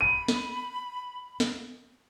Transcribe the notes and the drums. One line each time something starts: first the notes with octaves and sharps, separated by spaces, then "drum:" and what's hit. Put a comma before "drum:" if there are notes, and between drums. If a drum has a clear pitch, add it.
B5 D#7
drum: snare
drum: snare